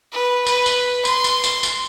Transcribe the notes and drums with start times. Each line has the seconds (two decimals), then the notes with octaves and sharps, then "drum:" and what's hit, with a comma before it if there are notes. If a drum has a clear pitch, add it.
0.12 B4
0.47 B4, drum: tambourine
0.66 drum: tambourine
1.05 C6, drum: tambourine
1.24 drum: tambourine
1.44 drum: tambourine
1.63 drum: tambourine